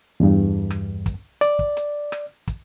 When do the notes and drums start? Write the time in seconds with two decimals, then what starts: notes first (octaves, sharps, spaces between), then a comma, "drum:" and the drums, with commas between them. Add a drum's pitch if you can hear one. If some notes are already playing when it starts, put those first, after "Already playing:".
0.20 E2 G2
0.70 drum: rim click
1.06 drum: kick, hi-hat
1.41 D5, drum: hi-hat
1.59 drum: kick
1.77 drum: hi-hat
2.12 drum: rim click
2.48 drum: kick, hi-hat